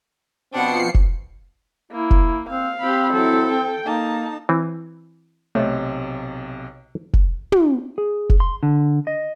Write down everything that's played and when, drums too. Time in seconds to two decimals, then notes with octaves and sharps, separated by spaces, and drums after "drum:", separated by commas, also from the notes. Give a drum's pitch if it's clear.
0.53 B2 F3 B3 C4 D4 F#5 C7 C#7
0.94 drum: kick F1
1.92 A#3 E4
2.11 drum: kick F1
2.49 C4 F5
2.80 C4 G4 B5
3.13 F#3 E4 A4
3.49 G5
3.86 A#3 D#4 A5
4.49 E3 C4
5.55 B1 C3 A3 C#5 D#5
7.13 drum: kick F1
7.52 drum: tom
7.98 G#4
8.30 drum: kick F1
8.40 C6
8.63 D3
9.07 D#5